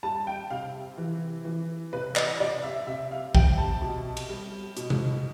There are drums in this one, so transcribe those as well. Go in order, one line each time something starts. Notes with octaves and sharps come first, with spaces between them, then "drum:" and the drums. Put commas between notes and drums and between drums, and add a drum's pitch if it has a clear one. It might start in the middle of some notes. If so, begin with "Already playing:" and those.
G3 A5
G5
C3 F5
E3
E3
C3 B4
D5, drum: clap
C3 D5
E5
C3 E5
F5
C3 G5, drum: kick
A5
B2
drum: cymbal
G3
B2, drum: hi-hat
drum: tom C3